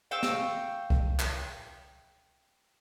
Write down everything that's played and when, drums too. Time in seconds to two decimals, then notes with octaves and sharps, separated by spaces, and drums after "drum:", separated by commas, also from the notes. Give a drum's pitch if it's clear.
0.11 F5 G5 C#6 E6
0.23 drum: snare
0.90 drum: kick C2
1.20 drum: clap